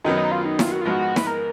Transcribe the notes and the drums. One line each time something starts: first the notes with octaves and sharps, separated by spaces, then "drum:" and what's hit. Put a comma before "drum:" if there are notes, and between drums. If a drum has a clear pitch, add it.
F#2 D#3 F#3 B3 D#4
D#4
F4
D#4
F4, drum: snare
F#4
F4
G#2 F3 G#3 B3 F#4
B4, drum: snare
A#4